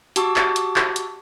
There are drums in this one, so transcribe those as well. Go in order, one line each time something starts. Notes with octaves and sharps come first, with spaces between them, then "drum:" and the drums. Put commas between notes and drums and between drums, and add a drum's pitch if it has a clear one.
F#4 G4 A5 C#6 D6 E6, drum: hi-hat
drum: clap
drum: hi-hat
drum: clap
drum: hi-hat